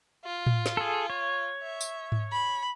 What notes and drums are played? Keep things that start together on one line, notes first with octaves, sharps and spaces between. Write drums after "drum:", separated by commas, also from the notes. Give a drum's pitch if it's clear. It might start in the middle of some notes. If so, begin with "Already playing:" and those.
F4
drum: tom A2
drum: snare
G#4 A4
C#5
E5
drum: tambourine
drum: tom G#2
B5